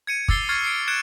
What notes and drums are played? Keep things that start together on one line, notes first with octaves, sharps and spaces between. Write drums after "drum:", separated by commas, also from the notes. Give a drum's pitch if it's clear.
G#6 C#7 D#7
D6 E6 A6 C7 G7, drum: kick
C#6 F6 G#6 A6 C7
C7 D7
F#6 G#6 C#7 D7 E7